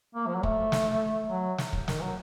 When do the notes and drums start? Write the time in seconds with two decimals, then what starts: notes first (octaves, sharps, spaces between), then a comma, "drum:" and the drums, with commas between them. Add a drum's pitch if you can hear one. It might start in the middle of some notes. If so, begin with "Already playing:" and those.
0.15 A#3
0.27 F3
0.35 F#3
0.43 A3, drum: kick
0.72 drum: snare
1.29 F#3
1.58 drum: snare
1.73 drum: kick
1.88 D#3, drum: snare
2.02 F#3